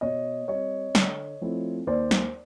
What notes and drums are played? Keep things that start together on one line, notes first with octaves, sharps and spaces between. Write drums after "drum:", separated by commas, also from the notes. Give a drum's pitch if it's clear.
B2 C#5 D#5
G3 C4 C#5 D#5
D3, drum: snare
F3 A3 C4 E4
D#2 C5 D5
drum: snare